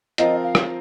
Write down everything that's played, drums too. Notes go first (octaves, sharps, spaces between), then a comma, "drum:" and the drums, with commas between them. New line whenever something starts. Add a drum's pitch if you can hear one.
F3 C4 F4 A#4 D#5, drum: hi-hat
F5
drum: rim click